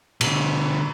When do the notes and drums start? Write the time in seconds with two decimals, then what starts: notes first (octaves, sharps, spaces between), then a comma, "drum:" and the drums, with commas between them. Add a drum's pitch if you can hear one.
0.21 B2 D3, drum: cymbal